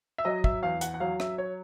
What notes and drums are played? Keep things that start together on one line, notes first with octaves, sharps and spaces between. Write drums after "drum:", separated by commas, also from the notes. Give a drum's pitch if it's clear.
E5
F#3 D#5
E5, drum: kick
E2 F5
F#5, drum: hi-hat
F#5
F#3 F5
E5, drum: rim click
C#5